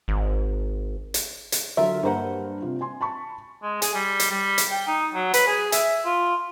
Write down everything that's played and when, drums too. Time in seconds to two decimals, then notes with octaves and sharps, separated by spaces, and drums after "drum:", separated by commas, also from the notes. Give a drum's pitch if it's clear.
0.08 G#1
1.14 drum: hi-hat
1.52 drum: hi-hat
1.77 D3 F#3 F4 A#4 E5
2.03 G2 A#3 B4 C5 F#5 A#5
2.62 C3 F4
2.81 G#5 C6
3.01 A5 B5 C#6
3.62 G#3
3.82 G#4, drum: hi-hat
3.95 G3
4.20 drum: hi-hat
4.30 G3
4.58 drum: hi-hat
4.72 G5
4.87 D#4
5.14 F#3
5.34 B4, drum: hi-hat
5.48 G#4
5.72 E5, drum: hi-hat
6.05 F4